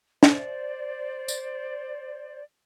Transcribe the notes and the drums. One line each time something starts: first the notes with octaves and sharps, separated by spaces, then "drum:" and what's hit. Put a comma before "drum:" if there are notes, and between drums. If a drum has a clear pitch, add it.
C5 D5, drum: snare
drum: tambourine